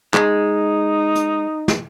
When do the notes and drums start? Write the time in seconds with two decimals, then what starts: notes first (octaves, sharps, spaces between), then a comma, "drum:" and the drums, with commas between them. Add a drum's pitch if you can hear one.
0.14 G#3 D#4, drum: clap
1.15 drum: hi-hat
1.68 drum: snare